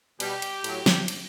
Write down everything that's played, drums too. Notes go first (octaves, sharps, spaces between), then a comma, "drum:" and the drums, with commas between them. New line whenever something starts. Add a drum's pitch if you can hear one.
B2 G3 G4, drum: cymbal
drum: cymbal
A2 F#3, drum: cymbal
drum: snare
drum: cymbal